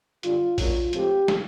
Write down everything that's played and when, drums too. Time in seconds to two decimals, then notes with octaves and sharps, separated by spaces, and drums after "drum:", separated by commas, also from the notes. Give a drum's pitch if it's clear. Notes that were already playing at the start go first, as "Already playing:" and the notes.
0.23 F#2 D3 G3 F4, drum: hi-hat
0.58 C#3 F#3 A#3 D4 F4, drum: kick A#1, open hi-hat
0.93 A2 F3 G#3 C4 G4, drum: hi-hat
1.28 drum: snare